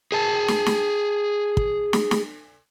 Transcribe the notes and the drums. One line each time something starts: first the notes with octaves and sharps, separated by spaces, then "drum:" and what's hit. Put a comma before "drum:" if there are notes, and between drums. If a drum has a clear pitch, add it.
G#4 A5
drum: snare
drum: snare
drum: kick
drum: snare
drum: snare